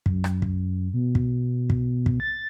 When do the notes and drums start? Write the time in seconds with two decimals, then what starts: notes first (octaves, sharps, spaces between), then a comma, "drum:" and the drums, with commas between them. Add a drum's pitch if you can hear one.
0.06 F#2, drum: kick
0.24 drum: rim click
0.42 drum: kick
0.94 B2
1.15 drum: kick
1.70 drum: kick
2.06 drum: kick
2.20 A6